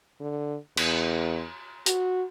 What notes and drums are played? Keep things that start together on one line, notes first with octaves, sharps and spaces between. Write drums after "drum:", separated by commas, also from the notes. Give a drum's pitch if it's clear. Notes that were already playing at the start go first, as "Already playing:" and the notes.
D3
E2, drum: cymbal
F#4, drum: hi-hat